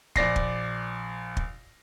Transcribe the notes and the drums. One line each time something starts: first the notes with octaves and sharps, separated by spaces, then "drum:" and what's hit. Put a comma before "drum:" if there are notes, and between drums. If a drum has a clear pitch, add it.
A#1 D5 A#6 C7, drum: kick
drum: kick
drum: kick